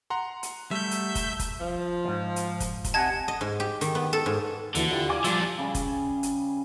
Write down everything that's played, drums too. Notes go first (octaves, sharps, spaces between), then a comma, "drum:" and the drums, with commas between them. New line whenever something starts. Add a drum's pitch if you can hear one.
F#5 A#5 C6
drum: hi-hat
G3 A3 E5 G6
drum: hi-hat
drum: kick, hi-hat
drum: kick, hi-hat
F3
D#2 G#2
drum: hi-hat
drum: kick, hi-hat
drum: kick, hi-hat
C3 D#5 F#5 G#5 A5 G#6
D#5
G#2
G4
D#3, drum: hi-hat
B3
A4
G#2
D#2 D3 E3 F#4, drum: hi-hat
E4 F4 G4
D5 F5 G#5 D6
F3 G3 D4 F4 E6, drum: hi-hat
C#3 G3 C#4 G#4
drum: kick, hi-hat
drum: hi-hat